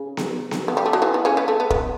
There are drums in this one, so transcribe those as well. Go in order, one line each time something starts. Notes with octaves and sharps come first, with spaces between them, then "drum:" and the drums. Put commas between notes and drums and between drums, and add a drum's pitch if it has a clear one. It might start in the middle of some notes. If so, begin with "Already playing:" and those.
Already playing: C#3
drum: snare B3
drum: snare B3
B3
G3
A3
F#3
E3
B3
C#3 C#4
B3
A3
B3
B3, drum: kick E1